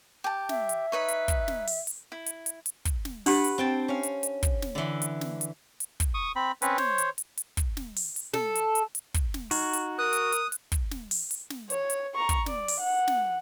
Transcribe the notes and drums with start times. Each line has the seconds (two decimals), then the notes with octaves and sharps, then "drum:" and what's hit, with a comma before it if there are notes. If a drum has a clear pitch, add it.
0.24 G4 A5
0.49 E5, drum: snare
0.69 drum: hi-hat
0.92 D#4 B4 C#5
1.08 drum: hi-hat
1.28 drum: kick, hi-hat
1.48 drum: snare
1.67 drum: open hi-hat
1.87 drum: hi-hat
2.12 E4
2.26 drum: hi-hat
2.46 drum: hi-hat
2.66 drum: hi-hat
2.85 drum: kick, hi-hat
3.05 drum: snare
3.26 D4 G4 B4 F#5, drum: open hi-hat
3.44 drum: hi-hat
3.58 C4 G5 A5
3.88 C#4 F5
4.03 drum: hi-hat
4.23 drum: hi-hat
4.43 drum: kick, hi-hat
4.62 drum: snare
4.75 D3 E3
5.02 drum: hi-hat
5.21 drum: snare
5.41 drum: hi-hat
5.80 drum: hi-hat
6.00 drum: kick, hi-hat
6.14 C#6 D#6
6.36 C4 B5
6.62 C4 C#4 B4, drum: hi-hat
6.78 C5 C#5, drum: snare
6.98 drum: hi-hat
7.18 drum: hi-hat
7.37 drum: hi-hat
7.57 drum: kick, hi-hat
7.77 drum: snare
7.96 drum: open hi-hat
8.16 drum: hi-hat
8.34 A4, drum: snare
8.55 drum: hi-hat
8.75 drum: hi-hat
8.95 drum: hi-hat
9.14 drum: kick, hi-hat
9.34 drum: snare
9.51 D#4 F#4, drum: open hi-hat
9.73 drum: hi-hat
9.99 A#4 D#6 F#6
10.13 drum: hi-hat
10.32 drum: hi-hat
10.52 drum: hi-hat
10.72 drum: kick, hi-hat
10.91 drum: snare
11.11 drum: open hi-hat
11.31 drum: hi-hat
11.50 drum: snare
11.70 C#5, drum: hi-hat
11.90 drum: hi-hat
12.15 A#5 C#6
12.29 drum: kick, hi-hat
12.46 D5, drum: snare
12.68 drum: open hi-hat
12.80 F#5
13.08 drum: snare